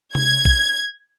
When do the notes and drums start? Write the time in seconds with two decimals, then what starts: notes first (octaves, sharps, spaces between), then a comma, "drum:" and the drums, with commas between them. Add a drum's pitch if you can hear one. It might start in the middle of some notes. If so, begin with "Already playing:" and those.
0.15 G#6, drum: tom C3
0.45 drum: kick A#1